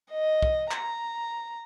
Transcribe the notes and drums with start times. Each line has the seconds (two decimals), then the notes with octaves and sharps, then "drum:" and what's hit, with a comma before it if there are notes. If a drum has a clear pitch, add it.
0.12 D#5
0.43 drum: kick
0.71 A#5, drum: clap